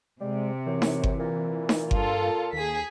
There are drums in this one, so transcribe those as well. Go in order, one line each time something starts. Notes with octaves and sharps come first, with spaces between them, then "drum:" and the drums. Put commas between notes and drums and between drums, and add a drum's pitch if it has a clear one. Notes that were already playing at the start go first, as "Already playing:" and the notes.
C3 G3 G#3
F#2 E3
drum: snare D#4
drum: kick G1
A#2
drum: snare D#4
G2 F4 A4, drum: kick G1
D#2 G#4 B6